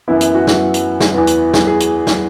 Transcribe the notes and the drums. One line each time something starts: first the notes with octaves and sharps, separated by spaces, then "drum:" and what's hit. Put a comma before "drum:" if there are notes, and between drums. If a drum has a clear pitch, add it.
F#2 E3 B3 E4
drum: hi-hat
F#4
drum: snare
drum: hi-hat
drum: snare
E2 E3 B3
drum: hi-hat
drum: snare
G#4
drum: hi-hat
drum: snare